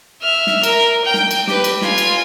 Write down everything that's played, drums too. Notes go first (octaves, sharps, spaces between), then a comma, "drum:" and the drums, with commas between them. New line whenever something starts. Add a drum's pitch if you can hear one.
E5 F6
drum: snare
A#4, drum: cymbal
G5
drum: snare
drum: cymbal
G4 B4, drum: snare
drum: cymbal
F4 G#5, drum: snare
drum: cymbal